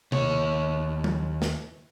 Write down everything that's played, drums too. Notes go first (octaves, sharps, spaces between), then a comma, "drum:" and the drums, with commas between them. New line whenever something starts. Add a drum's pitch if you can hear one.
D#2 C#5, drum: tom C3
drum: tom F#3
drum: snare